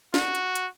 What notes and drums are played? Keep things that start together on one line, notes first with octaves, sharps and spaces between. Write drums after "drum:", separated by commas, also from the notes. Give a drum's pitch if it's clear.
F#4, drum: snare
drum: hi-hat
drum: hi-hat